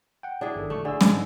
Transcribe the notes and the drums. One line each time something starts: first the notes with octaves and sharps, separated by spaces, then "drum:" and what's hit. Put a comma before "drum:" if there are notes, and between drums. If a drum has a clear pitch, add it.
F#5 G5
D4 E4 G#4
G1 D#3 A4
A#1 D3 A3 C#6
D3 G#4 G#5 E6
G#2 G#3, drum: snare